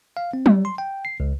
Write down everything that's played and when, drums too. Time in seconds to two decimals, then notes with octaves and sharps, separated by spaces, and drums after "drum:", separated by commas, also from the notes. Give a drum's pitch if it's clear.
0.17 F5
0.33 C4
0.46 G3, drum: tom F#3
0.65 C6
0.78 G5
1.05 C7
1.20 C#2